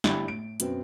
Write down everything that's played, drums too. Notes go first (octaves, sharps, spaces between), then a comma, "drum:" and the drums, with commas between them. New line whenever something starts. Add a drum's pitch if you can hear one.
G1 D4 E4 G4 B5, drum: snare
A2 D7
F#2 B2 B3 C4, drum: hi-hat